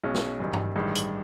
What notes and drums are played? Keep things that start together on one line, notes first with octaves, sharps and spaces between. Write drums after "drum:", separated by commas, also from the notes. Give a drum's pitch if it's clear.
B1 B2 G#3 C#4
drum: snare
F#1 F#2 D#3 G3
drum: tom
A1 G2 D#3 G#3
drum: hi-hat